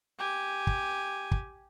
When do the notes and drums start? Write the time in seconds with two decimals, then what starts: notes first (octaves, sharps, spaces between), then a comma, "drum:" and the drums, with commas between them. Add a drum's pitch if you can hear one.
0.19 G4 G#5
0.67 drum: kick
1.31 drum: kick